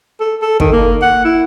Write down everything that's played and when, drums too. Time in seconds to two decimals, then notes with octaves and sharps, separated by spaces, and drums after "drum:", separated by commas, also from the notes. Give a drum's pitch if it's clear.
0.21 A4
0.42 A4
0.60 D#3, drum: kick
0.72 A#3
1.02 F#5
1.24 E4